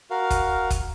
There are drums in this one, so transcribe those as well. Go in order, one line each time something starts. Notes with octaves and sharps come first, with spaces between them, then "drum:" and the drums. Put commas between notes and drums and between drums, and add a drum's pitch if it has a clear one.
F#4 A#4 F5
drum: kick, hi-hat
drum: kick, hi-hat